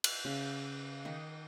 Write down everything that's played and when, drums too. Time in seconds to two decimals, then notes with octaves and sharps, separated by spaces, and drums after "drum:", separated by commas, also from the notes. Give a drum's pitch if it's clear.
0.04 drum: cymbal
0.25 C#3 C#4
1.05 D#3 D#4